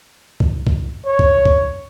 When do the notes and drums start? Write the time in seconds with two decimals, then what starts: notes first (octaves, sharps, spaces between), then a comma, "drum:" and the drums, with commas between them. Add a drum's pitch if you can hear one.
0.40 drum: kick
0.67 drum: kick
1.06 C#5
1.19 drum: kick
1.45 drum: kick